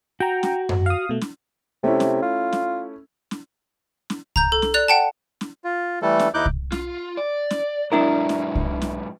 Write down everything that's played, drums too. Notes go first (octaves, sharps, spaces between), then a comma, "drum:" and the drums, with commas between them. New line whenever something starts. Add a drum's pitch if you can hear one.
F#4 G5 A#5
drum: snare
drum: tom F#2
F5 D#6
B2 A3
drum: snare
C3 A3 C#4 E4
drum: snare
F4
drum: snare
drum: snare
drum: snare
A#5 G6, drum: kick C2
A4
drum: snare
D5 F#6 F7
F#5 G5 A5
drum: snare
F4
E3 G3 A3 A4
drum: snare
D#2 D#4 E4 D6 F#6 G6
drum: kick C2
F4, drum: snare
D5
drum: snare
G#2 F#3 D4 E4 A#4
drum: snare
drum: kick C2
drum: snare